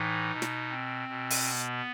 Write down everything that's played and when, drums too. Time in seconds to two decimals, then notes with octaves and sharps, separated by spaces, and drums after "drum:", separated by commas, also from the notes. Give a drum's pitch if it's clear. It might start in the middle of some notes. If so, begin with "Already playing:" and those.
Already playing: A2 E3 D#4
0.31 B2
0.42 drum: snare
0.70 C4
1.08 B2
1.30 drum: open hi-hat
1.47 B3